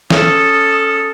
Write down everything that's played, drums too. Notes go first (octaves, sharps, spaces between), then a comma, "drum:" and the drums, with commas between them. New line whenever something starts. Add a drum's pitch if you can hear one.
C#4 A4 D#6, drum: snare